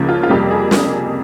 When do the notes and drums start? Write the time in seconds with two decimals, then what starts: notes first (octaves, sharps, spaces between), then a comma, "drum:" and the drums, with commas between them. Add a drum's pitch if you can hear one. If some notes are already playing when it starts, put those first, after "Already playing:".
Already playing: C#2 C#3 F3 A#3
0.09 F4
0.23 F4
0.30 F2 C3 G3 A#3 G4
0.51 G#4
0.71 drum: snare